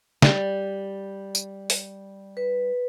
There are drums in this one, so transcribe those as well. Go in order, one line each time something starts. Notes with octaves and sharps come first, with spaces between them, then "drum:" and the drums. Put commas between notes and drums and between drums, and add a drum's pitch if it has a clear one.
G3, drum: snare
drum: tambourine
drum: open hi-hat
B4